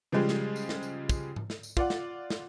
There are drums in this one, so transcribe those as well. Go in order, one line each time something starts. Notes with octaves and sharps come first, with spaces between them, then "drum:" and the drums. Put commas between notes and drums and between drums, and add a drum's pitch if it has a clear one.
C#3 F3 G3 G#3
drum: snare
drum: tambourine
drum: snare
drum: tambourine
drum: kick, tambourine
drum: tom G#2
drum: snare
drum: tambourine
F4 D5 F#5, drum: kick
drum: snare
drum: snare